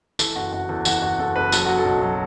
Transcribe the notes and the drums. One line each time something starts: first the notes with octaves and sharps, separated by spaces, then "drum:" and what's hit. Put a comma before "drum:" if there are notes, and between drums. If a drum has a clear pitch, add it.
E3 A4, drum: tambourine
F#1 F#4
F#1 F#4
E2 A4
E3 F#4, drum: tambourine
F#1 F#4
F#1 A4
F#1 B4
F#3 A4, drum: tambourine
F#3 F#4
A4
B1
F#3